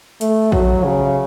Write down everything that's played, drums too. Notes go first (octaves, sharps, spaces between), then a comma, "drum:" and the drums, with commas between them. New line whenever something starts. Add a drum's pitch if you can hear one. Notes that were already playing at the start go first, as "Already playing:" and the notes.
A3, drum: hi-hat
F#3, drum: kick A#1
C#3